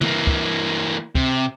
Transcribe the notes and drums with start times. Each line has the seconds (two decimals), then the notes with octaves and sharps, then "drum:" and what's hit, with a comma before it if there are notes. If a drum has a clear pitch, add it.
0.01 E3 A#3, drum: tom
0.27 drum: kick
1.15 C3, drum: kick